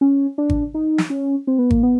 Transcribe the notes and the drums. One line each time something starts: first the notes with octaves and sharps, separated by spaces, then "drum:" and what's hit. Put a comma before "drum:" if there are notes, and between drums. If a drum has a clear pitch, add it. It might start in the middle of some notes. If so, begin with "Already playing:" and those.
C#4
D4
drum: kick G#1
D#4
drum: snare
C#4
C4
B3
A#3, drum: kick G#1
B3